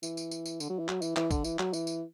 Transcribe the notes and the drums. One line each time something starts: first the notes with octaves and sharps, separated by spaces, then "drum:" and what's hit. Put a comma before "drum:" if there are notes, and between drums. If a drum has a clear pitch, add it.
E3, drum: tambourine
drum: tambourine
drum: tambourine
drum: tambourine
D3, drum: tambourine
F#3
E3
F#3, drum: clap
E3, drum: tambourine
E3, drum: clap
D3, drum: kick A1, tambourine
E3, drum: tambourine
F#3, drum: clap
E3, drum: tambourine
drum: tambourine